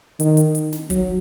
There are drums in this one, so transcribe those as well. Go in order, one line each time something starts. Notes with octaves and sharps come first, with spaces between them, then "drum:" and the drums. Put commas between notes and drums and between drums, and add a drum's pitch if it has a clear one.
D#3, drum: hi-hat
drum: hi-hat
drum: hi-hat
drum: snare
F#3, drum: kick, hi-hat